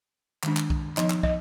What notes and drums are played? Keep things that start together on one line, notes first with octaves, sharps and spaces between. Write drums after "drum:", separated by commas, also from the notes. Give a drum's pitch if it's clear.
D#3 G#3 D4, drum: clap
drum: clap
drum: kick
F3 B3 D#4 D#5, drum: clap
drum: clap
D#5, drum: kick